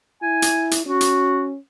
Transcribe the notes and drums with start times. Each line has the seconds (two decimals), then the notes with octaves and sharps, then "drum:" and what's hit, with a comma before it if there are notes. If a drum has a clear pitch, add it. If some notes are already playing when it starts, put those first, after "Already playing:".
0.22 E4 G#5
0.42 drum: hi-hat
0.71 drum: hi-hat
0.86 C#4 F#4
1.01 drum: hi-hat